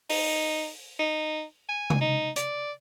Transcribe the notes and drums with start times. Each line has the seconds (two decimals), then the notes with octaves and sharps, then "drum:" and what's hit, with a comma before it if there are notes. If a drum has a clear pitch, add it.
0.09 D#4, drum: open hi-hat
0.99 D#4
1.69 G#5
1.90 drum: tom C3
2.01 D#4
2.36 D5, drum: hi-hat